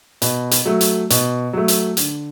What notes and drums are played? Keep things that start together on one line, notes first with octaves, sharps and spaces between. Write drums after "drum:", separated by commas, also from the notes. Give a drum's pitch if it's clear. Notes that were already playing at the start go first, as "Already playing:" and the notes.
B2, drum: hi-hat
drum: hi-hat
F#3 A3
drum: hi-hat
B2, drum: hi-hat
F#3 A3
drum: hi-hat
D3, drum: hi-hat